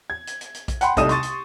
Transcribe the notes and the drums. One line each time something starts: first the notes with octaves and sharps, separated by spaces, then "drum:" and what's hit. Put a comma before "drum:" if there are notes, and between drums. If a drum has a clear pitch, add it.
G#6
drum: hi-hat
drum: hi-hat
drum: hi-hat
drum: kick A#1, hi-hat
F#5 G5 B5 C6, drum: hi-hat
C2 A3 D#4 D#6 D#7 E7, drum: kick A#1, hi-hat
C6 C#6 A6, drum: hi-hat
drum: hi-hat